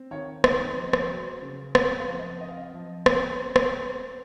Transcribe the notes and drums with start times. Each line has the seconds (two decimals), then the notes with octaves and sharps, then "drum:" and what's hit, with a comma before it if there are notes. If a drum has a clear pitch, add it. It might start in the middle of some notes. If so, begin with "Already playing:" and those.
Already playing: C4
0.11 D#3 C#5
0.44 C4 D#5, drum: rim click
0.77 F3
0.93 drum: rim click
1.09 F#3
1.42 C#3
1.75 C4 F#5, drum: rim click
1.97 F5
2.08 F3
2.19 D#5
2.41 C4 D#5
2.49 F5
2.57 D#5
2.73 F3
3.06 C#4, drum: rim click
3.56 drum: rim click